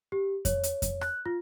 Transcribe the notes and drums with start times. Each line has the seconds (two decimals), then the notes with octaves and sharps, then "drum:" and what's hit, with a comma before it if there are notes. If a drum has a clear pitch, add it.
0.12 G4
0.45 C#5, drum: kick F2, hi-hat
0.63 drum: hi-hat
0.82 drum: kick F2, hi-hat
1.01 F#6, drum: rim click
1.26 F4